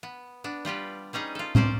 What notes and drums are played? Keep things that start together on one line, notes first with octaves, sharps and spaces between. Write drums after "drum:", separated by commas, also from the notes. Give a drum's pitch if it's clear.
B3
B3 D4
G3 F4 G4 B4
G3 C#4 D#4 G#4
F4 A4
A#2 C#4 C5 D5, drum: tom A2